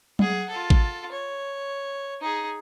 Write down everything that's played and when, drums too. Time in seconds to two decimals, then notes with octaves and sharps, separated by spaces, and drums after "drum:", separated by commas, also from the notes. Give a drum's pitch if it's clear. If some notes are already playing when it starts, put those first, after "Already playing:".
0.19 G#4 F#5, drum: tom F#3
0.49 F4 A4
0.70 drum: kick
1.12 C#5
2.21 D#4 G#4